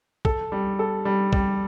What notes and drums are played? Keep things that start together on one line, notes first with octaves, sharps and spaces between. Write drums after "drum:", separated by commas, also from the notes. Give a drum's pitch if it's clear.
A4, drum: kick
G3
A4
G3
G3, drum: kick